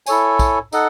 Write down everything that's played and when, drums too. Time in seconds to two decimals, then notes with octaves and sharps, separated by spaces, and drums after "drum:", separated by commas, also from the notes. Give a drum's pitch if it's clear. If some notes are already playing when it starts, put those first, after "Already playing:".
0.06 E4 A4 C#5 G#5, drum: tambourine
0.39 drum: kick, tambourine
0.72 D#4 A4 D#5 F#5, drum: tambourine